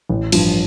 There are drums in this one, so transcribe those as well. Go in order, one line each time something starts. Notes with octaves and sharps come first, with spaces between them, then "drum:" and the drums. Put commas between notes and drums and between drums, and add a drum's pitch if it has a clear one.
A1
G2 F3, drum: cymbal